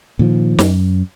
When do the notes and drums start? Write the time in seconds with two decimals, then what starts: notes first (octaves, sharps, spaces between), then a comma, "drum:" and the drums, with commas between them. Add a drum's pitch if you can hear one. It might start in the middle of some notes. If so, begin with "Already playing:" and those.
0.19 A#2 D#3 F3
0.59 F#2, drum: snare